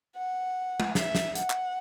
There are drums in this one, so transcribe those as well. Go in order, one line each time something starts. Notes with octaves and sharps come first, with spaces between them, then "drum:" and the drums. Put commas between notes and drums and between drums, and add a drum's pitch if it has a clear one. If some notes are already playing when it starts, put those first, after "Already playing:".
F#5
drum: tom G#3
E5, drum: snare
drum: snare
F#5, drum: hi-hat
drum: clap